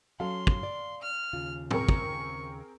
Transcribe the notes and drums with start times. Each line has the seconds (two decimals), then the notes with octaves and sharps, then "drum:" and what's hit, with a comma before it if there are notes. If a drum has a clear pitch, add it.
0.20 F#3 C#4 A4 F5 C6
0.47 drum: kick
0.63 D5
1.02 F6
1.33 D#2 C#3 F4
1.71 C4 G#4 A#4 C#6, drum: tom
1.89 drum: kick